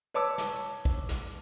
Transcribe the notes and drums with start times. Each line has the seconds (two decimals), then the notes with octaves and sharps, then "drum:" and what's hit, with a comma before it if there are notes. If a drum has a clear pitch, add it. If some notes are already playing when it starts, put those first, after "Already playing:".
0.14 B4 C#5 A5 D6 E6
0.38 drum: snare
0.85 drum: kick
1.09 drum: snare